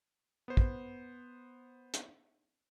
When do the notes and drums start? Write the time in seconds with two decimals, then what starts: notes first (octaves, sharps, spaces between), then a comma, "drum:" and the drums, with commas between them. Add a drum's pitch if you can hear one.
0.48 B3 C5
0.57 drum: kick
1.94 drum: hi-hat